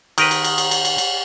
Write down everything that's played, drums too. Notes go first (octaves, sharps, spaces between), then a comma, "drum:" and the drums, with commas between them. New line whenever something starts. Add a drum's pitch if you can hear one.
D#3 A#4 B4, drum: cymbal
drum: cymbal
drum: cymbal
drum: cymbal
drum: cymbal
drum: cymbal
drum: cymbal